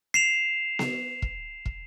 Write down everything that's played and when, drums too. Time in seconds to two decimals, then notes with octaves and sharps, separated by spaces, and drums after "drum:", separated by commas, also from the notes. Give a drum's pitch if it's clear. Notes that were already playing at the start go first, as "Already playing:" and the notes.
0.14 C7 E7 F7
0.79 drum: snare B3
1.22 drum: kick
1.66 drum: kick